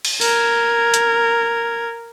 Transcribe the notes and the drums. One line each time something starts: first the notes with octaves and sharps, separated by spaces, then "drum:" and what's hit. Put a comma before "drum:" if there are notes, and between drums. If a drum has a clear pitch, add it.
drum: cymbal
A#4 G#6, drum: open hi-hat
drum: hi-hat